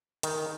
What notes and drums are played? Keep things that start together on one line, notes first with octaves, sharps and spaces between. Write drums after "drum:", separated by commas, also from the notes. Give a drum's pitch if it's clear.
D#3, drum: hi-hat